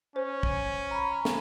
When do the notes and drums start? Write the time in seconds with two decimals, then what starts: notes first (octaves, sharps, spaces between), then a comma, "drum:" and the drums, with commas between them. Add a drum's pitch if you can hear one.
0.16 C#4 C5
0.43 drum: kick
0.91 A#5 B5
1.25 drum: snare